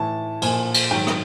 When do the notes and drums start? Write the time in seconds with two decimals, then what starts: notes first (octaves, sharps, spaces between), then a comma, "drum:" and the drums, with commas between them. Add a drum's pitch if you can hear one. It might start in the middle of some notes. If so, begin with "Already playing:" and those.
Already playing: A2 E3 A5
0.42 A#2 F3 G#5, drum: cymbal
0.74 drum: cymbal
0.91 G#2 D#3 F#3 G5
1.07 drum: rim click